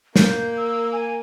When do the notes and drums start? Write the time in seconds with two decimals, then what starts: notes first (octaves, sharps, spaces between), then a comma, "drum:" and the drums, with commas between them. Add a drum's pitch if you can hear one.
0.16 A#3 G6, drum: snare
0.57 E6
0.92 G#5